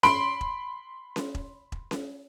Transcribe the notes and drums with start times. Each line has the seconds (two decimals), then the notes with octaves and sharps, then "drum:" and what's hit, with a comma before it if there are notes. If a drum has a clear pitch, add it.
0.03 B5 C6 D7, drum: snare C#4
0.41 drum: kick E1
1.16 drum: snare C#4
1.35 drum: kick E1
1.72 drum: kick E1
1.91 drum: snare C#4